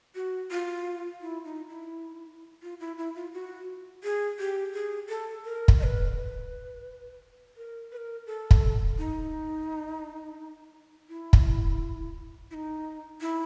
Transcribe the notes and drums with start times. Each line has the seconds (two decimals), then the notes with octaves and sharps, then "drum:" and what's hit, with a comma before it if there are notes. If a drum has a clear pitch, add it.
0.15 F#4
0.51 F4
1.21 E4
1.44 D#4
1.69 E4
2.62 F4
2.80 E4
2.97 E4
3.15 F4
3.33 F#4
4.04 G#4
4.39 G4
4.74 G#4
5.09 A4
5.45 A#4
5.68 drum: kick
5.79 D#5
5.84 B4
6.15 B4
7.57 A#4
7.92 B4
7.97 A#4
8.27 A4
8.51 drum: kick
8.98 D#4
11.09 E4
11.33 drum: kick
12.51 E4
12.54 D#4
13.21 E4